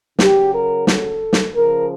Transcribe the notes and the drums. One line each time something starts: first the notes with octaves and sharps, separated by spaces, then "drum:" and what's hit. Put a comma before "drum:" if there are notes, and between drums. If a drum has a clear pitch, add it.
C#3 F#3 G4, drum: snare
A#4
A4, drum: snare
drum: snare
C#3 F3 A#4